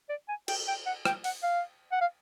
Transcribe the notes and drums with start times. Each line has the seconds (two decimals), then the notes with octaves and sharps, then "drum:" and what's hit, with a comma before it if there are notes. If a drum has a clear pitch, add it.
0.09 D5
0.28 G#5
0.48 G5, drum: cymbal
0.67 G5
0.86 F#5
1.05 G5, drum: rim click
1.24 F#5, drum: open hi-hat
1.43 F5
1.92 F#5
2.01 F5